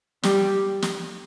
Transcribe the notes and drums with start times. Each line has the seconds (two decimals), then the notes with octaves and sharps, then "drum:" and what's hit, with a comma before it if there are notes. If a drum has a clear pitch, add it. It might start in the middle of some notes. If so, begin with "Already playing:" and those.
0.23 G3, drum: snare
0.82 drum: snare